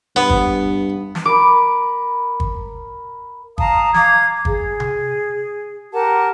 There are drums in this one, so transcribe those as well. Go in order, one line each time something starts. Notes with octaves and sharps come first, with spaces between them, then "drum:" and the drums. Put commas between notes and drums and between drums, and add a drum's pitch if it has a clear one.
G2 B3
drum: kick
drum: snare
A#4 B5 D6
drum: kick
F5 A5 A#5 D#6, drum: kick
F5 A#5 D6 G#6, drum: snare
G#4, drum: kick
drum: tom C3
G4 A#4 F#5 A5